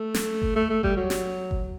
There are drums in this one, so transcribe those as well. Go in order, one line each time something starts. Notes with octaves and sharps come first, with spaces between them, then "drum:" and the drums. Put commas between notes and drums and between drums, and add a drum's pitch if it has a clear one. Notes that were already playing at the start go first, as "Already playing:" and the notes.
Already playing: A3
drum: snare
drum: kick G1
A3
A3
G3, drum: kick G1
F#3
drum: snare
drum: kick G1